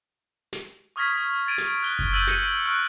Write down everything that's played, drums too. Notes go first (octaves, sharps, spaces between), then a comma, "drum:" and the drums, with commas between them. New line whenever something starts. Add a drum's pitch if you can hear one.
drum: snare
C#6 D#6 F6 G#6 A#6 B6
G#6 A6 D7 D#7
drum: snare
F#6 G7
drum: kick F#1
E6 G6 A6 D#7 F#7
A#6 C#7 D#7, drum: snare
C#6 F6 F#6 D7